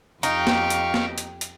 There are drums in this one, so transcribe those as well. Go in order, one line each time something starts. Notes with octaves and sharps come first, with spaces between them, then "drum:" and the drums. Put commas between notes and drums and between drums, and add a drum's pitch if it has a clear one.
F2 D#4 G4 F5 G5 C#6, drum: hi-hat
drum: snare A#3
drum: hi-hat
drum: snare A#3
drum: hi-hat
drum: hi-hat